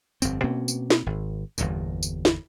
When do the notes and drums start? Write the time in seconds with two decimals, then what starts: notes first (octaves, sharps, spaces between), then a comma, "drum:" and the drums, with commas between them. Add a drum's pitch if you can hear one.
0.22 G1 F2 C4, drum: tambourine
0.44 B2 A#3 C4 C#4
0.68 drum: tambourine
0.90 drum: snare
1.06 G#1
1.58 G1 E2 G2 A#2, drum: tambourine
2.03 drum: tambourine
2.25 drum: snare